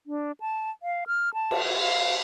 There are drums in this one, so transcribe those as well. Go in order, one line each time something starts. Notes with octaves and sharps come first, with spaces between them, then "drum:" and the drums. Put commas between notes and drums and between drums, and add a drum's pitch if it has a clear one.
D4
A5
F5
F6
A5
drum: cymbal
F5